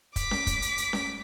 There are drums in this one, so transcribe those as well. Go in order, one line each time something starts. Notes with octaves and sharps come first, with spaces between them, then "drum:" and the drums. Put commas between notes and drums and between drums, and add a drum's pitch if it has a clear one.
D6 B6, drum: kick, hi-hat
drum: snare C#4
drum: kick, hi-hat
drum: hi-hat
drum: hi-hat
drum: snare C#4